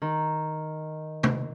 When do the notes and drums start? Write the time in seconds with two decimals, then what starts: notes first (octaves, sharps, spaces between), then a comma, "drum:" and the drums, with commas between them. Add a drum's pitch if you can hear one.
0.02 D#3
1.23 drum: tom C3